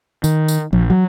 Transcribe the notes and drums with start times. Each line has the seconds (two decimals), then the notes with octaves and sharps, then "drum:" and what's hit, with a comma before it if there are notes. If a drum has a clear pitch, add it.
0.24 D#3, drum: tambourine
0.48 drum: tambourine
0.73 A#1, drum: tom E3
0.90 F#3